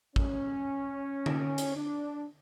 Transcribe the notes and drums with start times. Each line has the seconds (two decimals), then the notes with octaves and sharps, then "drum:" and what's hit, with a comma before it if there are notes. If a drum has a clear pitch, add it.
0.16 C#4, drum: kick
1.26 drum: tom D3
1.58 drum: hi-hat
1.76 D4